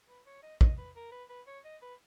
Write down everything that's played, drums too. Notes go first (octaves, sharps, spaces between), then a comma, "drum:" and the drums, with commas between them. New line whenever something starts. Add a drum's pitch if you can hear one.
B4
C#5
D#5
D#5, drum: kick
B4
A#4
B4
B4
C#5
D#5
B4